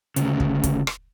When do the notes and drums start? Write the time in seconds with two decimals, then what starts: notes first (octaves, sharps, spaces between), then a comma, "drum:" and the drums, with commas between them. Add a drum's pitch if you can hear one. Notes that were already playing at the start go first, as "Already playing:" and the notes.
0.16 D2 C#3, drum: hi-hat
0.40 drum: kick
0.64 drum: kick, hi-hat
0.87 drum: rim click